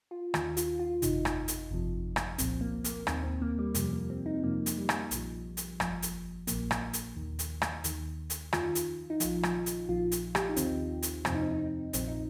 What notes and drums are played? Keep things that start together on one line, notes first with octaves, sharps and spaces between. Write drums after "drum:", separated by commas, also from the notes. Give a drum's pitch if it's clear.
F4
D#2 D#3, drum: rim click
F4, drum: hi-hat
F4
G1 F2 C3 D#4, drum: hi-hat
drum: rim click
drum: hi-hat
G1 F2 C3 F3
drum: rim click
C2 A#2 F3 C4, drum: hi-hat
A#3
A#3, drum: hi-hat
D#2 D#3 C4, drum: rim click
C4
A#3
G3
F2 C3 F3 G3, drum: hi-hat
A#3
C4
D#4
F2 C3 F3 A#3
drum: hi-hat
G3
drum: rim click
A#1 A#2 F3, drum: hi-hat
drum: hi-hat
G1 F2 F3, drum: rim click
drum: hi-hat
A#1 A#2 F3 A#3, drum: hi-hat
drum: rim click
drum: hi-hat
D#2 D#3
drum: hi-hat
drum: rim click
D#2 D#3, drum: hi-hat
drum: hi-hat
F2 D#3 F4, drum: rim click
drum: hi-hat
D#4
A#1 A#2 F3 F4, drum: hi-hat
drum: rim click
drum: hi-hat
A#1 A#2 F3 F4
drum: hi-hat
G4, drum: rim click
F4
D#4
D#2 D#3 C4, drum: hi-hat
drum: hi-hat
F2 C3 F3 C4, drum: rim click
D#4
C4
D#4
C4
A#1 A#2 F3 C4, drum: hi-hat
D#4